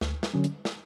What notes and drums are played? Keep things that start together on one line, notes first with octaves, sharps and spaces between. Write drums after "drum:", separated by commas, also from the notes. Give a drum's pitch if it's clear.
D2, drum: snare
drum: snare
D3 F#3 C#4
drum: hi-hat
drum: snare